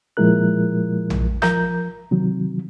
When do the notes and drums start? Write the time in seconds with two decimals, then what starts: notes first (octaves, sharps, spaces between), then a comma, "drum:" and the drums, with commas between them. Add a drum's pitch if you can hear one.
0.17 A#2 F3 G#3 E4 A#4 F#6
1.10 drum: tom A#1
1.42 F3 A#4 A#5 G6, drum: rim click
2.11 C3 D#3 F#3